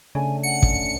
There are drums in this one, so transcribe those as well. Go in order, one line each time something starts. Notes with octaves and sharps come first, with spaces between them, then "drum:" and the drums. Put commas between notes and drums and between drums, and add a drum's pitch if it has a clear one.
C#3 A3 C#4 D4 G#5
F#5 C#7
drum: kick